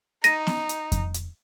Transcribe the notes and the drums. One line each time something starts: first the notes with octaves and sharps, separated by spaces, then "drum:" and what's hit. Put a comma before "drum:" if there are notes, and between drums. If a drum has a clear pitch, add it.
D#4 A#6 D#7, drum: hi-hat
drum: snare B3
drum: hi-hat
drum: kick F2, hi-hat
drum: hi-hat